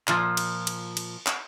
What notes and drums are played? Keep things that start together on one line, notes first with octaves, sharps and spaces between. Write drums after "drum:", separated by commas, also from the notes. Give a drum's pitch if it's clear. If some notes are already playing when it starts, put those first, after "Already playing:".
A#2 F3, drum: clap
drum: cymbal
drum: cymbal
drum: cymbal
drum: clap